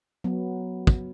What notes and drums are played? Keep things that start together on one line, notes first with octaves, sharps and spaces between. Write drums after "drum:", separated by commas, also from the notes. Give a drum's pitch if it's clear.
F#3 B3
drum: kick